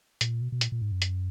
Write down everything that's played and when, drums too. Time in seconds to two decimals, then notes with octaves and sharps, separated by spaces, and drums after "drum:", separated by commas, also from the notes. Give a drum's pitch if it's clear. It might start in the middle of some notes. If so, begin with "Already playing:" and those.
0.21 A#2, drum: hi-hat
0.41 B2
0.52 B2
0.61 A#2, drum: hi-hat
0.72 A#2
0.81 G#2
0.92 F#2
1.02 drum: hi-hat